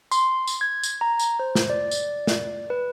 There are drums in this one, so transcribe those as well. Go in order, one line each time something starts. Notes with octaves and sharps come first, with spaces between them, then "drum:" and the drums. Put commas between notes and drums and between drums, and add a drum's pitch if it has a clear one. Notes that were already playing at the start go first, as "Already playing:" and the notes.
C6, drum: tambourine
drum: tambourine
G#6
drum: tambourine
A#5
drum: tambourine
C5
drum: snare
D5
drum: tambourine
drum: snare
B4